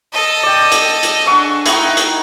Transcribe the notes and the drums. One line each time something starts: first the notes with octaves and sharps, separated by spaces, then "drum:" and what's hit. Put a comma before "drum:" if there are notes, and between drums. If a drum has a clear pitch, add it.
A4 D#5
D5 G5
drum: hi-hat
drum: hi-hat
D4 G#4 F#5 C#6 E6
D#4 E4 D#5 F#5 G5, drum: hi-hat
drum: hi-hat